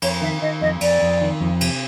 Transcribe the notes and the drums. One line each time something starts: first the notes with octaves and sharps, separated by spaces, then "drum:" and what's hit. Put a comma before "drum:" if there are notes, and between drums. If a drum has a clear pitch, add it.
F2 C#5, drum: cymbal
D#3 E5
D#3 D#5
F2 D#5
F2 D5, drum: cymbal
F2
D#3
F2
C3, drum: cymbal